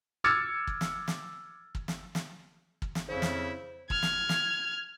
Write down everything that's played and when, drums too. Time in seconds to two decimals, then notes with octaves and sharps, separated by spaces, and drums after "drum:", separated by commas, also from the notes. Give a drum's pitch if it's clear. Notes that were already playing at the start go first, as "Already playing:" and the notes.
0.24 D6 E6 F6 G#6 A6 C#7
0.67 drum: kick
0.81 drum: snare
1.08 drum: snare
1.75 drum: kick
1.88 drum: snare
2.15 drum: snare
2.82 drum: kick
2.95 drum: snare
3.09 F2 C#3 E4 C5
3.22 drum: snare
3.90 F6 G#6, drum: kick
4.02 drum: snare
4.29 drum: snare